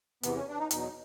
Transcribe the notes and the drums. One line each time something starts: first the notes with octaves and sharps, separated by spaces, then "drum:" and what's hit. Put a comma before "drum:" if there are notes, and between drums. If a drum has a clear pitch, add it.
E2 C3 E3 B3, drum: hi-hat
C#4
D4
D#4
E2 B2 F#3 D#4, drum: hi-hat